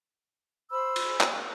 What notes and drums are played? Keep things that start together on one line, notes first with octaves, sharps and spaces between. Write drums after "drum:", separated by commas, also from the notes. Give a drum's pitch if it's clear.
C5 B5 E6
drum: cymbal
drum: clap